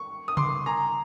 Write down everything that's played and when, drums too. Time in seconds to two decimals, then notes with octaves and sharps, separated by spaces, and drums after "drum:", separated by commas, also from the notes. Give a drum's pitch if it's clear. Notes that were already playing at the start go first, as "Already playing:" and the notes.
Already playing: C#6
0.28 D#6
0.37 C6 D6, drum: tom C3
0.66 G#5 A#5